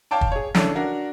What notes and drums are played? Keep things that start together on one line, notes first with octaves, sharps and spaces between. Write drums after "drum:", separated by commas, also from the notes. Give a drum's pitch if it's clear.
C#5 F5 G5 A5 D6
drum: kick
G#4 C#5
A1 C#3 D4 A4 C#5, drum: snare
D4 F#4 A#4